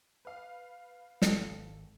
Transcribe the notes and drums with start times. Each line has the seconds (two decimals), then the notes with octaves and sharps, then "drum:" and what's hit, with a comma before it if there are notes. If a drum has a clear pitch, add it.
0.25 B4 F5
1.22 G#1 A4, drum: snare